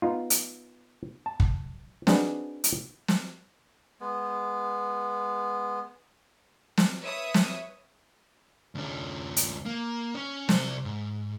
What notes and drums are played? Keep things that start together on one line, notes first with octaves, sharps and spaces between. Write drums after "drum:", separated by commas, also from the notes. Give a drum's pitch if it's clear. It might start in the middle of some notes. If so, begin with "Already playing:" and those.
B3 D#4 F4
drum: hi-hat
A5
drum: kick
C4 D4 D#4 F#4 G#4 B4, drum: snare
drum: hi-hat
drum: snare
G#3 B3
drum: snare
B4 C#5 E5 D#6
drum: snare
D2 C#4
drum: hi-hat
A#3
C#4
C2 C5, drum: snare
G#2